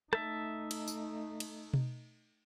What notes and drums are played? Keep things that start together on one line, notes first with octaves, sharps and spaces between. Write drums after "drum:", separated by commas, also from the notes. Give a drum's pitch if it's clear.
A3 D#4 E5 A5, drum: rim click
drum: cymbal
drum: tambourine
drum: cymbal
drum: tom B2